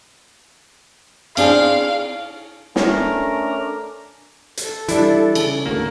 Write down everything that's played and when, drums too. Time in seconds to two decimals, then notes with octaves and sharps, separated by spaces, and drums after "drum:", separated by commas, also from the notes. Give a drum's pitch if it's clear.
1.37 C4 D4 G#4 F5, drum: cymbal
2.76 A3 C#4 D4 A4 A#4 A#5, drum: snare
4.57 A4, drum: hi-hat
4.88 E3 G3 D4 E4, drum: hi-hat
5.35 C#3, drum: cymbal
5.66 G#1 D2 A3 A#3